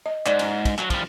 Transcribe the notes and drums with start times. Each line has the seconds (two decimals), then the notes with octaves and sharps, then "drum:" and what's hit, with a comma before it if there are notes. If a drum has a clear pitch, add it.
0.06 D#5
0.26 G#2 D5, drum: clap
0.39 drum: cymbal
0.65 drum: kick, cymbal
0.78 F#3, drum: clap
0.90 F3 G3, drum: kick, cymbal